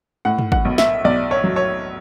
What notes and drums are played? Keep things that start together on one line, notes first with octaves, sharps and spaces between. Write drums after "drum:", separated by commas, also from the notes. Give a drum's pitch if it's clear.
A2 F#5
drum: tom G2
F#5, drum: kick
B1
E5, drum: snare
B1 D5
C#5
F#3
C#5